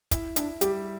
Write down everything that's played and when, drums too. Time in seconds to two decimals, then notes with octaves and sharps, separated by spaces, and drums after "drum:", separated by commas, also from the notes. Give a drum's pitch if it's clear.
0.11 E4, drum: kick, hi-hat
0.36 D4 E4, drum: hi-hat
0.61 G3 G4, drum: hi-hat